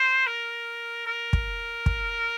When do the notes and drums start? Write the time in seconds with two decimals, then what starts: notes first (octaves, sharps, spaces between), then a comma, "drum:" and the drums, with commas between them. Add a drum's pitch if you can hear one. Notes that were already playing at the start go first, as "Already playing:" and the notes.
Already playing: C5
0.27 A#4
1.07 A#4
1.33 drum: kick
1.86 drum: kick